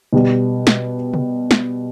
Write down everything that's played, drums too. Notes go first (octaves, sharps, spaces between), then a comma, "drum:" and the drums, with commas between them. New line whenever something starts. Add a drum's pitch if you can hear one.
B2 G3
drum: snare
drum: tom
drum: snare